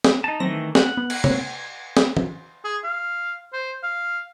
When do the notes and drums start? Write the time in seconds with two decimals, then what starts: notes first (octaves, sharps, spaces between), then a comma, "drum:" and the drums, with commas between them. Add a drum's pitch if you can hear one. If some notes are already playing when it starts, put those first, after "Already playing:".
0.04 drum: snare
0.24 D#4 A5
0.40 D#3 E3 F#3 A3 C4 A#6
0.75 F#5, drum: snare
0.97 B3
1.10 drum: cymbal
1.24 A#3 C4 C#5, drum: tom C3
1.97 drum: snare
2.17 drum: tom
2.64 G#4
2.84 F5
3.53 C5
3.83 F5